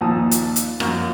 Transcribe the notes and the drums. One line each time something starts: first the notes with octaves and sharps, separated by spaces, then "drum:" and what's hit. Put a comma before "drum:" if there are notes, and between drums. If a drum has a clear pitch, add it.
D#2 A#2 F3 D#4 A5 D#6
drum: hi-hat
drum: hi-hat
F#2 F3 F#3 A#3 F#4, drum: rim click